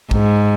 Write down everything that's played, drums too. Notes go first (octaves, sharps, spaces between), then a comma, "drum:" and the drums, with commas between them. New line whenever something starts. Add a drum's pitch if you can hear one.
G#2, drum: kick